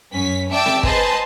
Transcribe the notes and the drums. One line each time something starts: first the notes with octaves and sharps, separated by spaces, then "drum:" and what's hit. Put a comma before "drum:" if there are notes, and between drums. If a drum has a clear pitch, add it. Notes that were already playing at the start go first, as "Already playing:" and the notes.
F#2 C#4 B6
D5 E5 G5 A5 D6 E6
drum: snare C4
G#4 B4 C5 D#5 A5, drum: kick